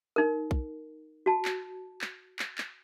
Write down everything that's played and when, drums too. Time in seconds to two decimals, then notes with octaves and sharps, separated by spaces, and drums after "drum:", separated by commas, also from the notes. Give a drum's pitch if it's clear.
0.16 D#4 A#4
0.51 drum: kick B1
1.26 F#4 A5
1.45 drum: clap
2.01 drum: clap
2.39 drum: clap
2.58 drum: clap